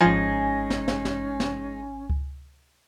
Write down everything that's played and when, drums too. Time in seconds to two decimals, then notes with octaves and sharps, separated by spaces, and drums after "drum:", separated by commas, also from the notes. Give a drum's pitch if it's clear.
0.01 G#1 F3 G#3 C#4 D#4 G#5
0.70 drum: snare
0.88 drum: snare
1.05 drum: snare
1.40 drum: snare
2.10 drum: kick C#2